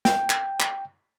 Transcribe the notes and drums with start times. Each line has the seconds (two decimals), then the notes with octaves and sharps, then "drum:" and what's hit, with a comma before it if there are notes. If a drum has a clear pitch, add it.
0.05 G5, drum: snare
0.30 drum: clap
0.60 drum: clap